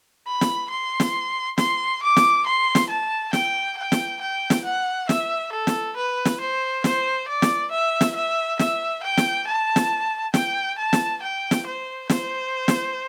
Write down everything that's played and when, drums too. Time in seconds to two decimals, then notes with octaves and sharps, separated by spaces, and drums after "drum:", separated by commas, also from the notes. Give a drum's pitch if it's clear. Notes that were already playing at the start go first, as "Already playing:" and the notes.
0.27 B5
0.41 drum: snare
0.70 C6
1.00 drum: snare
1.58 C6, drum: snare
2.02 D6
2.17 drum: snare
2.46 C6
2.75 drum: snare
2.90 A5
3.33 G5, drum: snare
3.77 G5
3.92 drum: snare
4.21 G5
4.50 drum: snare
4.64 F#5
5.09 E5, drum: snare
5.52 A4
5.67 drum: snare
5.96 B4
6.25 drum: snare
6.40 C5
6.84 C5, drum: snare
7.28 D5
7.42 drum: snare
7.71 E5
8.01 drum: snare
8.15 E5
8.59 E5, drum: snare
9.03 G5
9.17 drum: snare
9.47 A5
9.76 drum: snare
10.34 G5, drum: snare
10.78 A5
10.93 drum: snare
11.22 G5
11.51 drum: snare
11.66 C5
12.10 C5, drum: snare
12.68 drum: snare